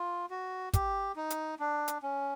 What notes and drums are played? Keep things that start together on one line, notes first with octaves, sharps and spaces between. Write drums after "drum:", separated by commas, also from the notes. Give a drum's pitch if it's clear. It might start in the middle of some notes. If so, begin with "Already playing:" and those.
Already playing: F4
F#4
G4, drum: kick, hi-hat
D#4
drum: hi-hat
D4
drum: hi-hat
C#4